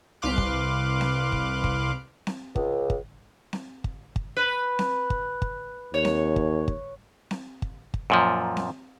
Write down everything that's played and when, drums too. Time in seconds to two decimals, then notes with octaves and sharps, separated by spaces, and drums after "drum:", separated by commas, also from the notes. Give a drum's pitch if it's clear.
0.22 C2 B4 F5 C6 D6 F#6
0.38 drum: kick
1.01 drum: snare C4
1.32 drum: kick
1.64 drum: kick
2.27 drum: snare C4
2.56 C#2, drum: kick
2.90 drum: kick
3.53 drum: snare C4
3.84 drum: kick
4.16 drum: kick
4.37 B4
4.79 drum: snare C4
5.10 drum: kick
5.42 drum: kick
5.94 D#2 C#5
6.05 drum: snare C4
6.36 drum: kick
6.68 drum: kick
7.31 drum: snare C4
7.62 drum: kick
7.94 drum: kick
8.10 F#2 A#2 F3
8.57 drum: snare C4